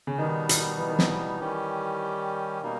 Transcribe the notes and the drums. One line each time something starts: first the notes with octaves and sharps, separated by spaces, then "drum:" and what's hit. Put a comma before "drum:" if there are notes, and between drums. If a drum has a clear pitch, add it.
C#3
B2 D#3 G3 B3 D#4
drum: hi-hat
E3
D#3
E3, drum: snare
D#3 G3 C#4 G4
B2 G3 A#3 D#4